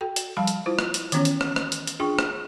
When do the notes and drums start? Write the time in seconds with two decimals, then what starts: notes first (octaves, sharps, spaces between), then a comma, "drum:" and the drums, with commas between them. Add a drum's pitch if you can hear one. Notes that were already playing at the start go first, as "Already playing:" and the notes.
0.01 F#4 A4 G5
0.16 drum: hi-hat
0.37 F3 G3 F5 A5 B5
0.47 drum: hi-hat
0.66 E4 F4 C5
0.79 drum: rim click
0.94 drum: hi-hat
1.12 D#3 E3 B3 C#4 C#5, drum: hi-hat
1.25 drum: hi-hat
1.41 drum: rim click
1.56 drum: rim click
1.72 drum: hi-hat
1.87 drum: hi-hat
2.00 D4 F4 G#4 G5 C#6
2.19 drum: rim click